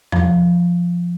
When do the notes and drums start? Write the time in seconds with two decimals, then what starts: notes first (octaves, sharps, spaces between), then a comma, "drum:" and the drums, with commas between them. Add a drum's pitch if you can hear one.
0.12 F3, drum: tom E2